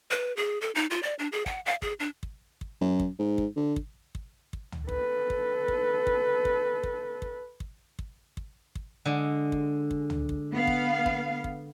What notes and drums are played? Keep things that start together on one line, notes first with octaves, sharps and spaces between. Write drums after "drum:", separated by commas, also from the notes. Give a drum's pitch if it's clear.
B4
G#4
A4
D#4
F4
D5
D4
G#4
F#5, drum: kick
F5
G#4, drum: kick
D4
drum: kick
drum: kick
F#2
drum: kick
G#2
drum: kick
D3
drum: kick
drum: kick
drum: kick
drum: tom
A4 B4, drum: kick
drum: kick
drum: kick
drum: kick
drum: kick
drum: kick
drum: kick
drum: kick
drum: kick
drum: kick
drum: kick
D3 G#3
drum: kick
drum: kick
drum: tom
drum: kick
B3 F5
drum: kick
drum: kick
drum: kick